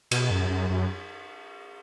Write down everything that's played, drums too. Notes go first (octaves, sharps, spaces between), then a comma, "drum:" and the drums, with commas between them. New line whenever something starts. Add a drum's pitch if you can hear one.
B2, drum: cymbal
F#2
F#2
F#2